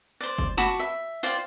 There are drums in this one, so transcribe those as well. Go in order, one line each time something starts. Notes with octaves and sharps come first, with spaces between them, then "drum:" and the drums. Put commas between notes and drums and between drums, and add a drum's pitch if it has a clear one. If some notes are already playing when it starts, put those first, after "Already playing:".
C5 D5
drum: kick G1
F#4 A5 B5 D6, drum: snare
E5
F4 C5 D5 G5